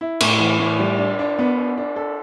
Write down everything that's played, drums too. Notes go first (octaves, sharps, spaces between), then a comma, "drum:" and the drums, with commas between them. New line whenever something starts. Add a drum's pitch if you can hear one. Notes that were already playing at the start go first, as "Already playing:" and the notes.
E4
A2, drum: cymbal
E3
A2
G3
D4
D4
B3
D4
D4
A4